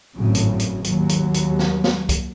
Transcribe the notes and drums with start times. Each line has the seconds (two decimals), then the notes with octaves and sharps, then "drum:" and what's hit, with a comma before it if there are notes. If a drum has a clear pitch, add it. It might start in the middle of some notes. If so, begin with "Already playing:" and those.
0.16 G#1 F#2 A2 C#3
0.35 drum: hi-hat
0.59 drum: hi-hat
0.84 D#2 F#3, drum: hi-hat
1.09 drum: hi-hat
1.34 drum: hi-hat
1.59 drum: snare
1.84 drum: snare
2.09 drum: kick C2, hi-hat